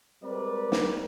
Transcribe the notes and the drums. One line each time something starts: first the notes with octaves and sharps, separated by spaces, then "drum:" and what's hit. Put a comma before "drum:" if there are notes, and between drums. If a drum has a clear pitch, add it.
G3 G#3 C4 A#4 B4 D5
drum: snare